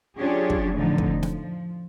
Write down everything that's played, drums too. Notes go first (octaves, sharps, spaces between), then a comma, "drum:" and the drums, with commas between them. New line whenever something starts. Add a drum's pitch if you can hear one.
F#3 C#4 D4 F4 G4 G#4
drum: kick
F2 A2 D3 E3 D#4
drum: kick
F3
drum: snare